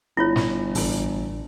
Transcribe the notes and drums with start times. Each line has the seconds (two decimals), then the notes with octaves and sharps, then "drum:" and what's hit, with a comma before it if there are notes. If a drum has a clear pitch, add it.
0.17 G1 E4 F4 C#5
0.36 drum: snare
0.75 A1 D4, drum: open hi-hat